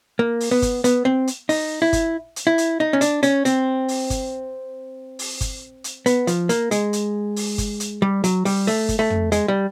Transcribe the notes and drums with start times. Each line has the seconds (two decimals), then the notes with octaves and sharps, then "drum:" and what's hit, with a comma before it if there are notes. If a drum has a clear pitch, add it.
0.19 A#3
0.40 drum: open hi-hat
0.51 B3
0.62 drum: kick G1, hi-hat
0.84 B3, drum: hi-hat
1.05 C4
1.27 drum: hi-hat
1.49 D#4, drum: open hi-hat
1.82 E4
1.93 drum: kick G1, hi-hat
2.36 drum: hi-hat
2.47 E4
2.58 drum: hi-hat
2.80 D#4
2.93 C#4
3.01 D4, drum: hi-hat
3.23 C#4, drum: hi-hat
3.45 C4, drum: hi-hat
3.88 drum: open hi-hat
4.10 drum: kick G1, hi-hat
5.19 drum: open hi-hat
5.41 drum: kick G1, hi-hat
5.84 drum: hi-hat
6.06 B3, drum: hi-hat
6.27 F3, drum: hi-hat
6.49 A#3, drum: hi-hat
6.71 G#3, drum: hi-hat
6.93 drum: hi-hat
7.36 drum: open hi-hat
7.58 drum: kick G1, hi-hat
7.80 drum: hi-hat
8.02 G3
8.24 F#3, drum: hi-hat
8.45 G3, drum: open hi-hat
8.67 A3, drum: open hi-hat
8.89 drum: kick G1, hi-hat
8.99 A3
9.10 drum: tom
9.32 G#3, drum: hi-hat
9.48 G3